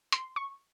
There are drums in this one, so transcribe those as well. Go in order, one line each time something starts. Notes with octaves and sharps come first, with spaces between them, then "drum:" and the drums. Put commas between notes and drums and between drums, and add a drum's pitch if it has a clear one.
C6, drum: hi-hat
C#6